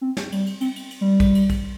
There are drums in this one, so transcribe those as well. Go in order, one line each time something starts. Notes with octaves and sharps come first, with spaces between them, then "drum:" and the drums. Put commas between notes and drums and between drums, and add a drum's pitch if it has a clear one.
C4
drum: snare
G3, drum: cymbal
drum: cymbal
C4, drum: cymbal
drum: cymbal
drum: cymbal
G3
drum: kick, cymbal
drum: cymbal
drum: kick, cymbal